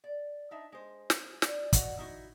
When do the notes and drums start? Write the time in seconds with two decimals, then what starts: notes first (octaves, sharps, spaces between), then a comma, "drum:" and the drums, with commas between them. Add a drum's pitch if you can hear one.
0.04 D5
0.51 D4 D#4 E5
0.72 G#3 C5
1.10 drum: snare
1.42 D5, drum: snare
1.73 E4 F#4 B4 D5 D#5 F#5, drum: kick, hi-hat
1.98 D#4 E4 F#4